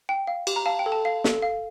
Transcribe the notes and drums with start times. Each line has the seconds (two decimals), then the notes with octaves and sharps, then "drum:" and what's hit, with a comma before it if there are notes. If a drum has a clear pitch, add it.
0.09 G5
0.27 F5
0.47 G4, drum: cymbal
0.56 A#5
0.66 F5 A5
0.79 G5
0.86 A4
0.92 A5
1.05 F5
1.24 A4, drum: snare
1.42 F5